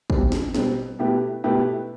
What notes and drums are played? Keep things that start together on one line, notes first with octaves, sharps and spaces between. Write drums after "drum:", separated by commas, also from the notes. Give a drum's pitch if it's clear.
B2 G3 C4, drum: kick
drum: snare
B2 G3 C4, drum: snare
B2 A3 E4 G4 B4
B2 A3 E4 G4 B4